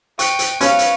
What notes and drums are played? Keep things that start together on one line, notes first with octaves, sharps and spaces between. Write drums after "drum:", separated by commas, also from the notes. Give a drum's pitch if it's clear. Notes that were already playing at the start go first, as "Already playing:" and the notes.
G5 C#6 F#6 C#7, drum: hi-hat
drum: hi-hat
C#4 B4 F5, drum: hi-hat
drum: hi-hat